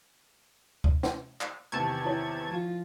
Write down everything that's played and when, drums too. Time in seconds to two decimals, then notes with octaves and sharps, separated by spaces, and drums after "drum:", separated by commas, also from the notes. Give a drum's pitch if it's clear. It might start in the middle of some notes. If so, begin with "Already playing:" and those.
0.84 drum: kick D2
1.03 drum: snare
1.41 drum: clap
1.72 E2 C3 D#3 A5 C#6 G#6
2.05 E4 C#5
2.47 F3 F4